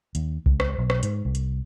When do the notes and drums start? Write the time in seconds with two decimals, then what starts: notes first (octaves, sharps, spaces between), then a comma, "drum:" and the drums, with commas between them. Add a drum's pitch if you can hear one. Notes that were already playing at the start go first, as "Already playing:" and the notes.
0.15 D#2, drum: hi-hat
0.46 C#2, drum: kick B1
0.60 drum: rim click
0.79 B1
0.90 drum: rim click
1.03 G#2, drum: hi-hat
1.25 C2
1.35 drum: hi-hat